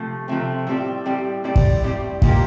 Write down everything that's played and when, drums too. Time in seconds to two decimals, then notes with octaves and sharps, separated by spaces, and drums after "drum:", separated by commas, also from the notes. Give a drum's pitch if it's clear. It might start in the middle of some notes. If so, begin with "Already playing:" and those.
Already playing: C3 F3 A3
0.28 C3 F3 A3 C4
0.67 A2 G3 C4 G4 D5
1.05 A2 G3 C4 G4 D5
1.44 A2 G3 C4 G4 D5
1.56 drum: kick
1.83 A2 G3 C4 G4 D5
2.22 A#2 F3 A#3 D#4 G4, drum: kick